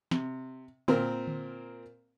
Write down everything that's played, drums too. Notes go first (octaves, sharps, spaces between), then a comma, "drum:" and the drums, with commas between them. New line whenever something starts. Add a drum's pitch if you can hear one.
C3, drum: snare
A#2 C4 A#4, drum: tom D3
drum: tom D3